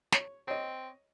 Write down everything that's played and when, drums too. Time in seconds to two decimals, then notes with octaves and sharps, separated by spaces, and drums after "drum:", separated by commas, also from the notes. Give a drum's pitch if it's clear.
0.12 C#5, drum: snare
0.47 C4 C#5 D#5